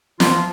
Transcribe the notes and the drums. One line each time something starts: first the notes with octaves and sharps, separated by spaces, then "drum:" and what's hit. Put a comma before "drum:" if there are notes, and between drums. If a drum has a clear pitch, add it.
F3 F4, drum: snare